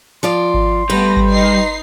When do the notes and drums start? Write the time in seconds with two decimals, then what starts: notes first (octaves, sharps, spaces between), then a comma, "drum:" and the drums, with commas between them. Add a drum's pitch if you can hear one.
0.23 F3 F4 D5 C6
0.54 drum: kick G#1
0.90 G3 A3 B3 B4 A#6
1.17 drum: kick G#1
1.28 D#4 C7